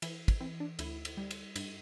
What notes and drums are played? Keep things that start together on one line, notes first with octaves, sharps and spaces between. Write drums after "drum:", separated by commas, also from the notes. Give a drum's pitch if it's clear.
E3 E4, drum: cymbal
drum: kick, cymbal
E3 C4
D4
D2 E4, drum: cymbal
drum: cymbal
G3
drum: cymbal
G2, drum: cymbal